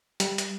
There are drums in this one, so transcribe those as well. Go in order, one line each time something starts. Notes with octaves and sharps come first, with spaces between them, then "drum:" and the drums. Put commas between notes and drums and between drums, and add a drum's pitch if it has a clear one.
G3, drum: hi-hat
drum: hi-hat